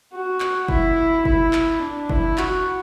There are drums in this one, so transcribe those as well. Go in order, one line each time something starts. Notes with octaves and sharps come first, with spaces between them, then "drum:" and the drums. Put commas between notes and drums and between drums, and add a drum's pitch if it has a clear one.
F#4
drum: clap
E4, drum: kick F#1
E4, drum: kick F#1
drum: clap
D4
E4, drum: kick F#1
F#4, drum: clap